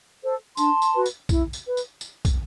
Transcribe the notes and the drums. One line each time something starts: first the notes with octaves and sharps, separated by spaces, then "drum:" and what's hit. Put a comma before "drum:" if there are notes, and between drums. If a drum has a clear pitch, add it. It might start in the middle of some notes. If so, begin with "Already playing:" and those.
A4 C5
D4 A5 C6, drum: tambourine
drum: tambourine
F#4 B4
drum: tambourine
E4, drum: kick, tambourine
drum: tambourine
B4
drum: tambourine
drum: tambourine
drum: kick, tambourine